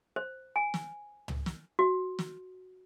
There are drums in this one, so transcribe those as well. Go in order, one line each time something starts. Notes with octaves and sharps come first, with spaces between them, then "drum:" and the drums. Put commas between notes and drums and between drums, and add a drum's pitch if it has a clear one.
C5
G#5
drum: snare
drum: tom
drum: snare
F#4
drum: snare